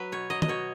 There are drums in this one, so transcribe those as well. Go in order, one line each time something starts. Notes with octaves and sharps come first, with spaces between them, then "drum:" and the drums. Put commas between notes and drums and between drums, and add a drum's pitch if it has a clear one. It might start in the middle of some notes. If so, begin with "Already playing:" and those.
Already playing: F#3 B4
B2 C#5
F#3 D#5
D#5, drum: tom
B2 C#5